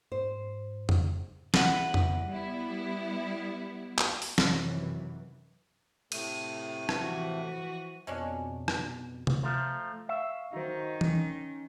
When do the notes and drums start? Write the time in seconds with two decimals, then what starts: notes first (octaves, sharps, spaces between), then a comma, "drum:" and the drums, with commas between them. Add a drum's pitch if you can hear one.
0.12 G#2 C5
0.89 drum: tom F2
1.54 E2 B4 F#5, drum: snare
1.94 drum: tom F2
2.27 G3 B3 E4
3.98 drum: clap
4.22 drum: open hi-hat
4.38 F#2 C3 D#3 E3 F#3, drum: snare
6.12 A2 C3 A3 D#7, drum: cymbal
6.89 drum: rim click
7.00 E3 F3 F#4
8.07 F2 B2 G#3 C#4 D4
8.68 drum: rim click
9.27 drum: tom C3
9.43 F3 A3 F5 A#5 C6
10.09 E5 F5 C#6
10.53 D#3 D#4 F#4 C5
11.01 C#4, drum: tom E3